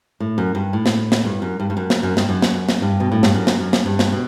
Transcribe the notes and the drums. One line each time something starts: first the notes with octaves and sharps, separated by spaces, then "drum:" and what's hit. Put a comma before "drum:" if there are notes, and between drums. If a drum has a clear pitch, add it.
A2
F#2
G2
A2
drum: snare
drum: snare
G2
F#2
G2
G2
F#2
drum: snare
F#2
G2, drum: snare
F#2
drum: snare
drum: snare
G2
B2
A2
G2, drum: snare
F#2
drum: snare
F#2
drum: snare
G2
drum: snare
B2